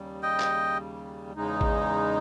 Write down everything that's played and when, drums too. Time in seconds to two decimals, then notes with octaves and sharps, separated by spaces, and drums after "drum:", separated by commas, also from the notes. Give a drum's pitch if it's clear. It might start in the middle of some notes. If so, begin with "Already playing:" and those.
Already playing: D#2 C#3 G3
0.23 D#5 G5
0.40 drum: clap
1.33 E2 C#3 G#3 D#4
1.61 drum: kick A1